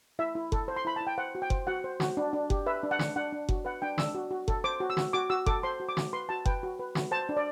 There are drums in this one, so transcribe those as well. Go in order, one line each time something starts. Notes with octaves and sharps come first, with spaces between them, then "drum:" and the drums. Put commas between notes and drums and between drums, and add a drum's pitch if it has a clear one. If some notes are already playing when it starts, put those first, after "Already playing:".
E4 E5
E4
A4, drum: kick F#1
C5
C6
E4 B5
E4 A5
G5
C5 F#5
F#4
G5
C5, drum: kick F#1
F#4 F#5
C5
F#4, drum: snare
D4
D4
G4, drum: kick F#1
B4 E5
D4
F#5
D4, drum: snare
D4 F#5
D4
F#4, drum: kick F#1
B4 F#5
D4 G5
D4 E6, drum: snare
F#4
F#4
A4, drum: kick F#1
C5 D6
F#4
E6
F#4, drum: snare
F#4 D6
F#4 E6
A4 D6, drum: kick F#1
C5 C6
F#4
D6
F#4, drum: snare
B4 C6
F#4 A5
B4 G5, drum: kick F#1
F#4
B4
F#4, drum: snare
C5 A5
D4
D5